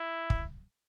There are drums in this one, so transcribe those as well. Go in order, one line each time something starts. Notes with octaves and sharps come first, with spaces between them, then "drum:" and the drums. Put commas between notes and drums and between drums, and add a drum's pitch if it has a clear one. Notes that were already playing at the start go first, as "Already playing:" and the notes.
Already playing: E4
drum: kick